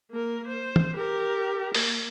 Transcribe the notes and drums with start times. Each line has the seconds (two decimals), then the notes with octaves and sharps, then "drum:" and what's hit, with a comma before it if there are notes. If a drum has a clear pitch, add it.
0.11 A#3 A#4
0.48 C5
0.76 drum: tom E3
0.95 G4 A#4
1.74 A#3, drum: open hi-hat